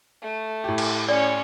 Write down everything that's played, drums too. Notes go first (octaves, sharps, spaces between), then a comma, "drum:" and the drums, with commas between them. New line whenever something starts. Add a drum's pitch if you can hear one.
A3
A2 G4
drum: cymbal
C#4 C#5 D5